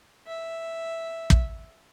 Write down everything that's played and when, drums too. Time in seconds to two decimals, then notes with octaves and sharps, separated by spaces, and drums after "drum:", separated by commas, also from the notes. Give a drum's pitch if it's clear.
0.27 E5
1.30 drum: kick